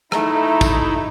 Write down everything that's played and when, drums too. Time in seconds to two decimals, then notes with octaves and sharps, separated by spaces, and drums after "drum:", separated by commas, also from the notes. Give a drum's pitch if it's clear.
0.12 A3 D#4 E4 A#5, drum: rim click
0.61 drum: kick, tambourine